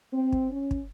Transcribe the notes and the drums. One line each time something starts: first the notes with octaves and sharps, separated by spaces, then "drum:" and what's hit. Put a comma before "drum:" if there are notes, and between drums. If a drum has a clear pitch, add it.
C4
drum: kick
C#4
drum: kick